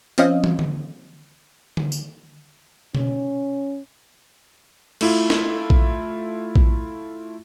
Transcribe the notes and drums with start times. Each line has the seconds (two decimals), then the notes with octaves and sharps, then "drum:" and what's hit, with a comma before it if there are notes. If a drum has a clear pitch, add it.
0.18 F3 C4 C#4 D#5 F5, drum: hi-hat
0.44 drum: tom
0.59 drum: tom D3
1.77 drum: tom D3
1.92 drum: tambourine
2.95 C#4, drum: tom B2
5.01 A3 E4 F4, drum: cymbal
5.30 drum: snare
5.70 drum: kick A#1
6.56 drum: kick A#1